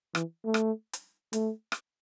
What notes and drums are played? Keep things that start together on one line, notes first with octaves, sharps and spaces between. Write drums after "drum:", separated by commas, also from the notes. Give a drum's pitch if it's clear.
E3, drum: rim click
A3
drum: rim click
drum: hi-hat
A3, drum: hi-hat
drum: rim click